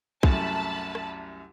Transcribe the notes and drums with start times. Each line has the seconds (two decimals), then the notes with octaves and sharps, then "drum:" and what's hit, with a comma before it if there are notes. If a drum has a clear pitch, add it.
0.23 C2 F#2 A3 A5 B5, drum: kick
0.95 drum: rim click